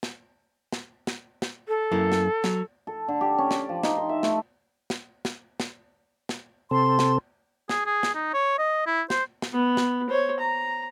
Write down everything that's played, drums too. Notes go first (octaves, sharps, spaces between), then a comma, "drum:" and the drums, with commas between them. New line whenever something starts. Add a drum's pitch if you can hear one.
drum: snare
drum: snare
drum: snare
drum: snare
A4
F#2 A#3 E4
drum: snare
F#3, drum: snare
A4
D3
G4
C#4
D5, drum: snare
F3
D#4, drum: snare
C6
E5
A3, drum: snare
drum: snare
drum: snare
drum: snare
drum: snare
C3 C4 A4 C6
drum: snare
G#4, drum: snare
G#4
drum: snare
D#4
C#5
D#5
E4
C5, drum: snare
drum: snare
B3
drum: snare
C5 C#5
A#5